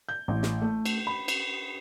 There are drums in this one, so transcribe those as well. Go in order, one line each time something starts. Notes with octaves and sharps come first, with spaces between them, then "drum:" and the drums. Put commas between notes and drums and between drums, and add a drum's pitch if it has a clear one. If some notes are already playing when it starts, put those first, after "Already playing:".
G6
A1
drum: snare
A3
drum: cymbal
B5
drum: cymbal